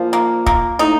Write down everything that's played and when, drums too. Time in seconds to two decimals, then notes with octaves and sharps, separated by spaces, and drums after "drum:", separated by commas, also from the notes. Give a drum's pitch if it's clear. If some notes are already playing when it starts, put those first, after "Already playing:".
Already playing: A#2 F3
0.13 A#3
0.46 A#3, drum: kick
0.79 A2 D#4